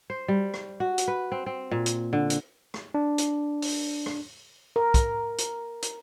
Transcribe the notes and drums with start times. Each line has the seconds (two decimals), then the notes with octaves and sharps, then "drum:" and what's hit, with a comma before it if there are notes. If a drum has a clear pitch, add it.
0.10 C5
0.28 G3
0.54 drum: rim click
0.80 F#4
0.98 drum: hi-hat
1.08 B4
1.32 C4
1.46 C4
1.71 A#2
1.86 drum: hi-hat
2.13 D3
2.30 drum: hi-hat
2.74 drum: rim click
2.94 D4
3.18 drum: hi-hat
3.62 drum: open hi-hat
4.06 drum: rim click
4.76 A#4
4.94 drum: kick, hi-hat
5.38 drum: hi-hat
5.82 drum: hi-hat